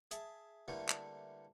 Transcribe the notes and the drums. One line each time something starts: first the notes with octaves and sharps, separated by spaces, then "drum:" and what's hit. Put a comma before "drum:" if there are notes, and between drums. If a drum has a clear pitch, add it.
G#4 E5 A5, drum: hi-hat
D3 E3 G3 A3 A#3 A4
drum: clap